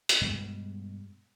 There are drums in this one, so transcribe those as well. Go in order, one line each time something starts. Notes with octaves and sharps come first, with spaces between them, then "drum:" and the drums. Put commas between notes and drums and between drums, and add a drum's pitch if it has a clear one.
drum: hi-hat
G2 B2 G3 G#3